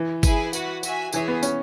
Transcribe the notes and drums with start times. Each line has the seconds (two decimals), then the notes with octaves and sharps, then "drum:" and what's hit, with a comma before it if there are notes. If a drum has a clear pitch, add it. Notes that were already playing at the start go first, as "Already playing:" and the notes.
Already playing: E3
0.23 E4 G#4 B4 G#5, drum: kick G1, tambourine
0.53 F#4 B4 F#5, drum: tambourine
0.83 F#4 E5 G#5, drum: tambourine
1.12 E3 G#4 C#5 E5, drum: tambourine
1.28 B3
1.43 C#4, drum: tambourine